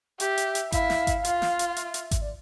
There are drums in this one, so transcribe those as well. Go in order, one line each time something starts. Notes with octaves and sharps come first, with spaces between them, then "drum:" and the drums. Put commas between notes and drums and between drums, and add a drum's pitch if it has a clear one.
G4 E5, drum: hi-hat
drum: hi-hat
drum: hi-hat
E4 F5, drum: kick G#1, hi-hat
drum: snare
drum: kick G#1, hi-hat
F4, drum: hi-hat
drum: snare
drum: hi-hat
F5
E5, drum: hi-hat
drum: hi-hat
drum: kick G#1, hi-hat
D5